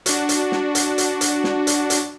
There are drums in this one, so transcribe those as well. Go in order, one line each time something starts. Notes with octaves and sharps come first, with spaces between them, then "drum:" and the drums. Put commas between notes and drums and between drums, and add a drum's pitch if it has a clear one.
D4 F#4, drum: hi-hat
drum: hi-hat
drum: snare
drum: hi-hat
drum: hi-hat
drum: hi-hat
drum: snare
drum: hi-hat
drum: hi-hat